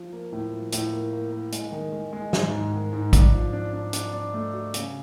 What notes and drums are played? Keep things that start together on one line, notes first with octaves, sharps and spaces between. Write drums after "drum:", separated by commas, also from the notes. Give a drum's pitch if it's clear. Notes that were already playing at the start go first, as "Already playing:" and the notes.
Already playing: F3
A#3
A2
F3
A2, drum: hi-hat
A#3
A#3
A#3
G#3, drum: hi-hat
D#3
G#3
G#3
G#2, drum: snare
G#2
D#3
G#2
D4, drum: kick, hi-hat
F3
D4
D4
D4, drum: hi-hat
D4
A3
F#4
C#3, drum: hi-hat